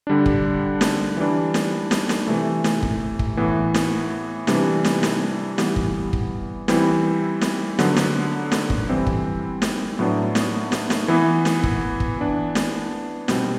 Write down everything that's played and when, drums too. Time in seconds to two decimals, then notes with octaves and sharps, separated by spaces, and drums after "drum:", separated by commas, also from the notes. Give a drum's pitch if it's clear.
0.07 D3 G3 D4
0.26 drum: kick
0.81 drum: snare
1.17 E3 G3 D4
1.54 drum: snare
1.91 drum: snare
2.09 drum: snare
2.27 C3 E3 A3
2.64 drum: snare
2.83 drum: kick
3.19 drum: kick
3.37 A2 E3 B3
3.74 drum: snare
4.47 C3 E3 G3 D4, drum: snare
4.85 drum: snare
5.03 drum: snare
5.58 E3 G3 B3, drum: snare
5.76 drum: kick
6.13 drum: kick
6.68 E3 G3 C4 E4, drum: snare
7.41 drum: snare
7.79 D3 F#3 B3, drum: snare
7.96 drum: snare
8.52 drum: snare
8.70 drum: kick
8.89 E3 G3 C4 E4
9.07 drum: kick
9.62 drum: snare
9.99 A2 F#3 B3 D4
10.35 drum: snare
10.72 drum: snare
10.90 drum: snare
11.08 E3 B3 E4
11.45 drum: snare
11.64 drum: kick
12.00 drum: kick
12.18 E3 B3 D4
12.55 drum: snare
13.28 B2 G3 C4, drum: snare